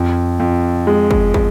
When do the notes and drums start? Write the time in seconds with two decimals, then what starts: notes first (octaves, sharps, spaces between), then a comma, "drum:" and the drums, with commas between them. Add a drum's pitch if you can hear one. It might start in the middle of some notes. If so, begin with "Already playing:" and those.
Already playing: F2
0.40 F2
0.87 G#3
1.11 drum: kick
1.34 drum: kick